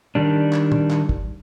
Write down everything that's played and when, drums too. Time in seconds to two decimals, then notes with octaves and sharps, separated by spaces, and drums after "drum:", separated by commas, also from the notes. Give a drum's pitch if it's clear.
0.15 D#3 G3 D4
0.53 drum: clap
0.72 drum: tom A2
0.91 drum: clap
1.09 drum: kick